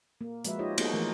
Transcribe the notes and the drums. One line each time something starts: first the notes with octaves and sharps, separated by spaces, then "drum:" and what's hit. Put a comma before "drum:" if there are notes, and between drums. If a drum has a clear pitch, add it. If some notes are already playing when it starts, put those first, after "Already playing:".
A#3
F3 G#3 F#4 B4 E5, drum: hi-hat
D#4 F4 G4 C5 C#5 D#5
A#3 B3 D#4 F#4 G#4 A4, drum: cymbal
E3 F3 A3 A#4